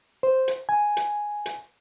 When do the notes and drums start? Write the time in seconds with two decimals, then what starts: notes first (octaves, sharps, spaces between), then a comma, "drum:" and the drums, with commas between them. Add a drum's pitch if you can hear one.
0.23 C5
0.48 drum: hi-hat
0.69 G#5
0.97 drum: hi-hat
1.46 drum: hi-hat